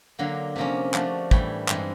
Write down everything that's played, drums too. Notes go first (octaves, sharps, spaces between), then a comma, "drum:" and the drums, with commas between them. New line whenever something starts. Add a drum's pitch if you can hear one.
D3 F#3 A#3
C3 F3 A#3 C#4
F3 A3 D4 F#4, drum: clap
A2 E3 G3, drum: kick
G2 E3 G#3 C4 D#4, drum: clap